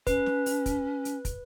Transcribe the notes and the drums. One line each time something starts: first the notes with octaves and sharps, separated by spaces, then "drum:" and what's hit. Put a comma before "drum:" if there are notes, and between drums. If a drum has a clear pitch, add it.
C#4 B4, drum: kick, hi-hat
drum: snare
drum: open hi-hat
drum: kick, hi-hat
drum: hi-hat
drum: kick, hi-hat